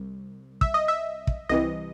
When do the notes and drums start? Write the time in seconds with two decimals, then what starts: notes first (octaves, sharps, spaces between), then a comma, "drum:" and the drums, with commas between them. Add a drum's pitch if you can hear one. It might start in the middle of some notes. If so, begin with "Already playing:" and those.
Already playing: C2
0.61 E5, drum: kick
0.74 D#5
0.88 E5
1.27 drum: kick
1.49 C2 C3 E3 D#5